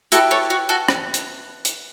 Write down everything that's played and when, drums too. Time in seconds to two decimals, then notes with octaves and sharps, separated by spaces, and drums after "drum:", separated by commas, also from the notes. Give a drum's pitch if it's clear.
0.12 E4 F#4 G4 A4 B4, drum: hi-hat
0.31 A4 C#5
0.50 F#4
0.69 F#4 A4
0.88 drum: rim click
1.14 drum: hi-hat
1.65 drum: hi-hat